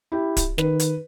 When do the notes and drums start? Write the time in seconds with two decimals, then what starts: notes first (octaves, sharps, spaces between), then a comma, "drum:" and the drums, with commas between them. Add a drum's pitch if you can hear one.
0.12 E4 G4
0.37 drum: kick D1, hi-hat
0.58 D#3 B4, drum: snare
0.80 drum: hi-hat